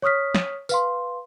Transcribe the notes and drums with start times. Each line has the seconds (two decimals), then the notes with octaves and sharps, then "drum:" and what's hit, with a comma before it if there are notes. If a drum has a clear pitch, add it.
0.02 C#5 C#6 D#6 F6 B6
0.35 drum: snare
0.69 B4 F5 C6, drum: tambourine